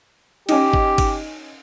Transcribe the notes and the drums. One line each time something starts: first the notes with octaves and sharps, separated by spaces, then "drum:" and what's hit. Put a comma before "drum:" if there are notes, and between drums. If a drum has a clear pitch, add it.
C#4 D#4 G4, drum: cymbal
drum: kick
drum: kick, cymbal